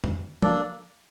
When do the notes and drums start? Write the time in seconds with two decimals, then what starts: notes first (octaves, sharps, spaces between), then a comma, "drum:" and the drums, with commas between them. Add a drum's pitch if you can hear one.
0.04 drum: tom
0.42 A#3 D4 A4 D5, drum: tom F3